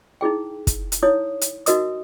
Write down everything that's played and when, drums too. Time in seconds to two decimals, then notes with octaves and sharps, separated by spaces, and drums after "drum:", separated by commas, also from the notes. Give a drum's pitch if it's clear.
0.21 D#4 E4 G#4 G5
0.67 drum: kick, hi-hat
0.92 drum: hi-hat
1.03 D#4 E4 C#5 D#6
1.41 drum: hi-hat
1.66 D#4 F#4 A#4 D#5 D#6, drum: hi-hat